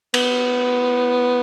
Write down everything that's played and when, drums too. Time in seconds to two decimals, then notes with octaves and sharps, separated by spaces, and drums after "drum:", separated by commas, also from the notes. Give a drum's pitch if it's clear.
0.14 B3, drum: cymbal